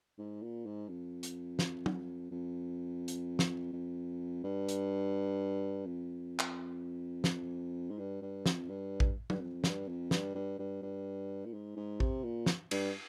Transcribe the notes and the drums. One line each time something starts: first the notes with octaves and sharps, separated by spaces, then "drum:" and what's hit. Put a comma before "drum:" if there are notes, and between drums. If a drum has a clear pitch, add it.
G#2
A#2
G#2
F2
drum: hi-hat
drum: snare
drum: tom
F2
drum: hi-hat
drum: snare
F2
G2
drum: hi-hat
F2
drum: clap
drum: snare
G#2
G2
G2
F2, drum: snare
G2
drum: kick A1
G2, drum: tom
F2
G2, drum: snare
F2
G2, drum: snare
G2
G2
G2
A#2
G#2
G#2
C3, drum: kick A1
A#2
drum: snare
G2, drum: cymbal